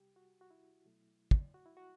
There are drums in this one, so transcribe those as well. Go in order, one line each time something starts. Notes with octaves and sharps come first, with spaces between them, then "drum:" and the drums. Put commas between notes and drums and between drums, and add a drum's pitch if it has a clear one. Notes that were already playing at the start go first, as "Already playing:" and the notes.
Already playing: C3 G3 G4
F#4
F#4
E4
B2 F#3 A3
drum: kick
F#4
E4
F#4